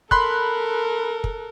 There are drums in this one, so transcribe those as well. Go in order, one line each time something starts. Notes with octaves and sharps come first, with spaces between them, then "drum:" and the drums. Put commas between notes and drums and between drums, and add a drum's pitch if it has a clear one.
A4 A#4 B5 C6 F#6, drum: kick
drum: kick